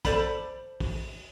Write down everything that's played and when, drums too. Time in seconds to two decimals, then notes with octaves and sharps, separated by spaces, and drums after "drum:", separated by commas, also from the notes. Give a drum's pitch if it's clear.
0.05 A4 C5 D5 B5, drum: kick, hi-hat
0.80 drum: kick, open hi-hat